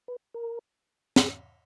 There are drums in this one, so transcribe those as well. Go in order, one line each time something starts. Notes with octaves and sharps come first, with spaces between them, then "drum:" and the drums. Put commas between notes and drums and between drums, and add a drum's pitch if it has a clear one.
B4
A#4
G#4, drum: snare